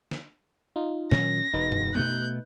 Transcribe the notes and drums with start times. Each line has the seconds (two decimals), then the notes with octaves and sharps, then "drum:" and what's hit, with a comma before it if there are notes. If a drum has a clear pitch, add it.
0.11 drum: snare
0.76 D#4 F4
1.11 A#2 D#3 F#3 C#4 A#6, drum: snare
1.53 E1 D#4 B4
1.72 drum: tom F#2
1.95 B2 A3 B3 F#6 G6